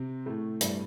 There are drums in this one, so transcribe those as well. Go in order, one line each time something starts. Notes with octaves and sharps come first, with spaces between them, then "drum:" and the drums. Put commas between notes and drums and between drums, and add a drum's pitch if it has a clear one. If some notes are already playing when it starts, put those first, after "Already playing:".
Already playing: C3 C4
A2 A3
G2 G3, drum: hi-hat